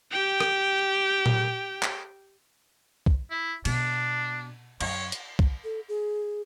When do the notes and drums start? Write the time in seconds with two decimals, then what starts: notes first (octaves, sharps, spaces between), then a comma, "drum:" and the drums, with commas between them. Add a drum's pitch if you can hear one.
0.12 G4 G5
0.40 drum: rim click
1.26 drum: tom A#2
1.83 drum: clap
3.06 drum: kick
3.30 E4
3.65 B2 D4, drum: cymbal
4.81 F#2 C#5, drum: cymbal
5.12 drum: hi-hat
5.39 drum: kick
5.64 A4
5.89 G#4